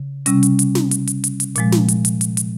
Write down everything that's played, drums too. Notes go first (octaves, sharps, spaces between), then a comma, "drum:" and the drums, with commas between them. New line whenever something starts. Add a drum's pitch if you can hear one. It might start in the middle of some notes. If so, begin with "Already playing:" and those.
Already playing: C#3
C3 G3 C#4, drum: hi-hat
drum: hi-hat
drum: hi-hat
drum: snare
drum: hi-hat
drum: hi-hat
drum: hi-hat
drum: hi-hat
A#2 F3 G#3, drum: hi-hat
drum: snare
drum: hi-hat
drum: hi-hat
drum: hi-hat
drum: hi-hat